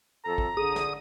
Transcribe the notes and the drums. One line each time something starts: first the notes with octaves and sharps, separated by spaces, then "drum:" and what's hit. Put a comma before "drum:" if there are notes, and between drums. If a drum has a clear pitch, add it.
F2 A4 A#5
drum: kick A1
D3 G#4 D#6
drum: snare